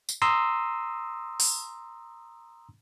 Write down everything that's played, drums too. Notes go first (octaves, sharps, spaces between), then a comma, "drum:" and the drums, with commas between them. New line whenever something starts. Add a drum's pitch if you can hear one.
drum: tambourine
A#5 C6 D#6 E6
drum: open hi-hat